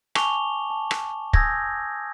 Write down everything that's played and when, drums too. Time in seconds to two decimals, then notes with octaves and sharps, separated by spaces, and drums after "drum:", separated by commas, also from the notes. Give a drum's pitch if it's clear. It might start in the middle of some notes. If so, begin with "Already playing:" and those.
0.15 G#5 A5 C#6 D6 F7 G7, drum: rim click
0.70 A5
0.91 drum: rim click
1.33 G#5 D#6 E6 G6 G#6 A#6, drum: kick